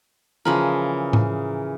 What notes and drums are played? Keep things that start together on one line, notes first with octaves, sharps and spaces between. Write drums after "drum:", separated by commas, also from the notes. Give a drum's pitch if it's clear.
C#3 E3 F3 G#4 A#4 B5
drum: tom A2